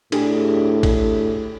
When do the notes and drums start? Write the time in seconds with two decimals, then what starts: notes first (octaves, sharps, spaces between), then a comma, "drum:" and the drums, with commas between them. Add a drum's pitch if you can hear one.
0.12 A2 D4 G4 G#4, drum: cymbal
0.83 drum: kick, cymbal